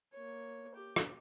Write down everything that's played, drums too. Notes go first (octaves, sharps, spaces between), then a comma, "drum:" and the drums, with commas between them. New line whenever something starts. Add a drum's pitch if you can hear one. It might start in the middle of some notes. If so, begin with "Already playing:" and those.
A#3 C#5
G4
drum: rim click